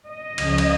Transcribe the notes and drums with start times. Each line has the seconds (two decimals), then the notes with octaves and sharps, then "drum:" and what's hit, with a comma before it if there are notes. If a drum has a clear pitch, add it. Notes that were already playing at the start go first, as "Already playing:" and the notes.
0.08 D#5
0.38 C#2 C#3 F3, drum: cymbal
0.58 drum: cymbal